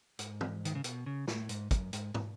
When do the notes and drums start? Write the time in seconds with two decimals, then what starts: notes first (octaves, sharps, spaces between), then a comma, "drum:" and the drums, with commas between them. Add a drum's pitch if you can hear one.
0.19 G#2, drum: hi-hat
0.41 drum: tom
0.65 D#3, drum: hi-hat
0.75 C#3
0.84 B2, drum: hi-hat
1.06 C#3
1.28 A2, drum: snare
1.49 G#2, drum: hi-hat
1.71 F#2, drum: kick, hi-hat
1.93 G#2, drum: hi-hat
2.14 drum: tom